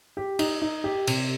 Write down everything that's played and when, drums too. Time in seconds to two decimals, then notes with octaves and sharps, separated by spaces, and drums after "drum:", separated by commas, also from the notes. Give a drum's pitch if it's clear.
0.17 G4
0.39 D#4, drum: cymbal
0.62 D#4
0.84 G4
1.07 C3, drum: cymbal